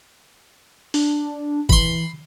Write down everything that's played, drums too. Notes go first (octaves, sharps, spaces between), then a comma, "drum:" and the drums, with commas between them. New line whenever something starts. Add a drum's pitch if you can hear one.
D4, drum: open hi-hat
E3 B5 C6, drum: kick G1